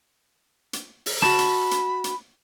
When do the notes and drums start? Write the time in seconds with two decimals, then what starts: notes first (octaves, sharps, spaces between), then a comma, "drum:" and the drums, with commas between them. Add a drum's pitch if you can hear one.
0.73 drum: hi-hat
1.06 drum: open hi-hat
1.22 F#4 A5 B5, drum: rim click
1.39 drum: hi-hat
1.71 drum: hi-hat
2.04 drum: hi-hat